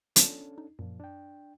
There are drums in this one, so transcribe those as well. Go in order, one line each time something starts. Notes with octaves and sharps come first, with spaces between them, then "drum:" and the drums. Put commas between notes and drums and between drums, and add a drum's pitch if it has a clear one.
B3 C#4 D4 F4 A4, drum: hi-hat
D#4
F#2 A#2 F3
D4 G5